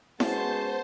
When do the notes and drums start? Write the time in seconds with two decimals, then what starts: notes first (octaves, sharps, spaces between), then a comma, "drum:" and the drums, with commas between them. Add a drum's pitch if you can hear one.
0.20 G#3 B3 C#4 F#4 C5 A5, drum: snare E4